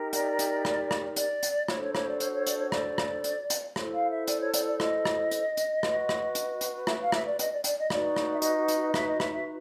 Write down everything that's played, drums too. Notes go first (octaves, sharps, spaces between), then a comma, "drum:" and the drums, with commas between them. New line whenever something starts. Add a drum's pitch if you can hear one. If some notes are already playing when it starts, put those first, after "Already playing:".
Already playing: D#4 G4 A#4
D5, drum: hi-hat
drum: hi-hat
drum: rim click
drum: rim click
D5, drum: hi-hat
drum: hi-hat
D4 F#4 A4 C5 C#5, drum: rim click
C#5
C#5, drum: rim click
D5
C#5, drum: hi-hat
C#5
D5, drum: hi-hat
C#5
D5, drum: rim click
drum: rim click
drum: hi-hat
drum: hi-hat
E4 A4 C5, drum: rim click
F5
E5
D5, drum: hi-hat
C#5
D5, drum: hi-hat
D5
D#5, drum: rim click
drum: rim click
drum: hi-hat
drum: hi-hat
F#4 B4, drum: rim click
drum: rim click
drum: hi-hat
drum: hi-hat
E5, drum: rim click
F5
E5, drum: rim click
D5
D#5, drum: hi-hat
D5
D5, drum: hi-hat
D#5
D#4 F#4 B4 D5, drum: rim click
drum: rim click
E5
D#5, drum: hi-hat
drum: hi-hat
D#5
E5, drum: rim click
D#5
E5, drum: rim click
E5